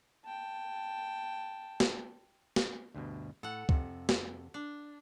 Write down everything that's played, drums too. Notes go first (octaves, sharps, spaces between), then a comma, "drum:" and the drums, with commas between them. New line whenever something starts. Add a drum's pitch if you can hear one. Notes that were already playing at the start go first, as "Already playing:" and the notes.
G5 A5
drum: snare
drum: snare
D2 G2 B2
A2 A4 F#5
F2 C3, drum: kick C#2
drum: snare
D4